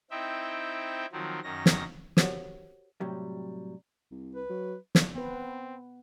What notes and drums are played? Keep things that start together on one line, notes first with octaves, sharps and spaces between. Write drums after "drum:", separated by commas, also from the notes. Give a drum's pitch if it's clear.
C4 D#4 E4 E5 G5
D#3 F3 F#3 C4
F#2 D#3 C#4 A#6
drum: snare
F#4 G4 A#4 C5 C#5 F#5, drum: snare
A2 C3 F#3 G3
C2
B4
F#3
drum: snare
B3 C4 B4